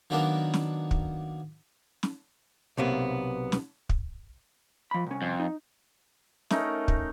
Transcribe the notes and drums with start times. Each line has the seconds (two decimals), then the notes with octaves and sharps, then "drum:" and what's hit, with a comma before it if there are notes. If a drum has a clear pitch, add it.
0.10 D#3 F#3 A#3 B3 D4 A#4
0.54 drum: snare
0.91 drum: kick
2.03 drum: snare
2.77 B1 C3 A#3 B3
3.52 drum: snare
3.89 drum: kick
4.91 F3 B5
5.06 C2 C#4
5.22 F2
5.40 D#4
6.50 A3 C#4 D#4 A#4, drum: snare
6.88 drum: kick